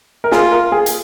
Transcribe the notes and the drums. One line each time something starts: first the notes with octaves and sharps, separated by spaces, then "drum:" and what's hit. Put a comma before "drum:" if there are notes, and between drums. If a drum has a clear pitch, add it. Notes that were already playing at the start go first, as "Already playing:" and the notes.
A#4
F4 G#4, drum: snare
A#4
G#4
drum: hi-hat